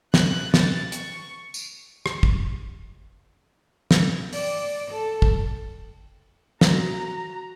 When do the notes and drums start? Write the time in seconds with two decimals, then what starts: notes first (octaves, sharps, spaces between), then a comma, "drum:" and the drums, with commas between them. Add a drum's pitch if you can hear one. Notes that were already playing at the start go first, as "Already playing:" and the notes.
0.14 F#6, drum: snare
0.54 A6, drum: snare
0.92 C#6, drum: hi-hat
1.54 drum: tambourine
2.06 drum: rim click
2.23 drum: kick
3.91 drum: snare
4.33 D5, drum: open hi-hat
4.91 A4
5.22 drum: kick
6.61 F#4 A#5, drum: snare